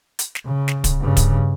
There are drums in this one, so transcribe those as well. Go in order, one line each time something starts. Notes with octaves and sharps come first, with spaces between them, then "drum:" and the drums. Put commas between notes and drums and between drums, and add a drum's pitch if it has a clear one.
drum: hi-hat
drum: snare
C#3
drum: snare
drum: kick, hi-hat
G2 C#3
drum: kick, hi-hat